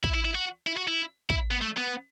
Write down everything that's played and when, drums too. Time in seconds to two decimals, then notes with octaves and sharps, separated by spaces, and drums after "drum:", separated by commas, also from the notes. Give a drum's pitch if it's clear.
0.04 E4, drum: kick
0.14 E4
0.25 E4
0.35 F#4
0.67 E4
0.77 F#4
0.88 E4
1.30 E4, drum: kick
1.51 B3
1.61 A3
1.77 B3